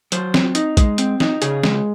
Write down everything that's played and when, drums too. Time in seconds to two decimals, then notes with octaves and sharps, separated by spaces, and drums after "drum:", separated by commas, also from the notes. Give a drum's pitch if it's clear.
0.12 F#3 C5, drum: hi-hat
0.34 C4, drum: snare
0.55 D#4, drum: hi-hat
0.77 G#3, drum: kick, hi-hat
0.98 C4, drum: hi-hat
1.20 D#4, drum: snare
1.42 C#3 G#4, drum: hi-hat
1.64 G#3, drum: snare